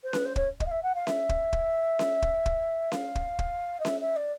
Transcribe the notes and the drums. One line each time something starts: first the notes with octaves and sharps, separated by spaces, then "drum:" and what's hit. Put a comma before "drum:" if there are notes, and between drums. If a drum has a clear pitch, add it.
C5
B4, drum: snare C#4
C5
C#5, drum: kick
D#5, drum: kick
F5
E5
F#5
F5
E5, drum: snare C#4
drum: kick
drum: kick
drum: snare C#4
drum: kick
drum: kick
F5, drum: snare C#4
drum: kick
drum: kick
D#5
E5, drum: snare C#4
E5
D5